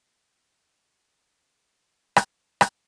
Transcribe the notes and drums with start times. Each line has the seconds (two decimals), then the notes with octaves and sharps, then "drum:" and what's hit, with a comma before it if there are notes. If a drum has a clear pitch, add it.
0.61 G#4 A4 D5 D#5 F5 A5
1.48 F#5 A5 C6
2.16 drum: rim click
2.61 drum: rim click